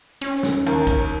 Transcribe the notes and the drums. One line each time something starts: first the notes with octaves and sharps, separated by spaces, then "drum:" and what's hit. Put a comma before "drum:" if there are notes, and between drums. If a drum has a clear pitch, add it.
C#4, drum: cymbal
drum: snare
D#2 A#4, drum: cymbal
drum: kick, cymbal